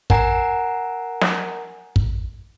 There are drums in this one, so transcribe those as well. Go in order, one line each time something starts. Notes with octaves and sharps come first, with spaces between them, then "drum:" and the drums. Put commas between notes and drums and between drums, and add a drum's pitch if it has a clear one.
A#4 F#5 G#5 A#5, drum: kick
drum: snare
drum: kick